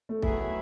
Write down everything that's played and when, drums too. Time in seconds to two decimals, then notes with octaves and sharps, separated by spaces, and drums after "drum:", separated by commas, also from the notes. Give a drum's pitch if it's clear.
0.09 A3
0.22 D#3 F#3 A3 B3 E4 G#4, drum: kick